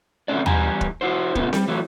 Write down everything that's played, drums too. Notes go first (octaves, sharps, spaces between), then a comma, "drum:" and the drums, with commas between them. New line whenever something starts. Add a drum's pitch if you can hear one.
E2 C3 A3 B3 C#4 D5
E2 G3 G#5 A#5, drum: tom
drum: kick
E4 F#4 C5
A#2 C#3 A3 B3, drum: kick
G3, drum: snare C4
E3 F#3 A3